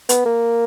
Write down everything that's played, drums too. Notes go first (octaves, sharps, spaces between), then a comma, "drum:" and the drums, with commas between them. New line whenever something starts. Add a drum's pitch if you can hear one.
B3, drum: hi-hat
A#3